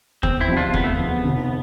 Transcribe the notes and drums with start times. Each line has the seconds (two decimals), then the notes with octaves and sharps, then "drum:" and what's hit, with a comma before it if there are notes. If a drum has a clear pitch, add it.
0.23 E2 C4, drum: kick
0.40 C4 E4
0.48 C3 F3
0.57 D4 F4
0.74 E2 B3, drum: kick
0.84 A3
0.95 C3 F3 B3
1.24 F1